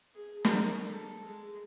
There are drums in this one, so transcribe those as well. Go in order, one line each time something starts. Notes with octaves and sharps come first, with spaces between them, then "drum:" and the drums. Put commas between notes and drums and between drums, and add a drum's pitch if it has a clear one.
G#4
A#4, drum: snare
A4
G#3